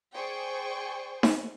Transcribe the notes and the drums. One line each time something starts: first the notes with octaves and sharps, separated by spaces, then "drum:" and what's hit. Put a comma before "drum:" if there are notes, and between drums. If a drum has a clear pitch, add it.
G#4 C5 D5 G5 C#6
drum: snare D#4